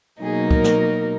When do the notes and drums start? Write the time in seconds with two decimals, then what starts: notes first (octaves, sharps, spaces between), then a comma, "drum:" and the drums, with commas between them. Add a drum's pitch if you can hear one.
0.22 B2 F#3 A#3 D#4 G#4
0.51 A#4, drum: kick
0.64 drum: snare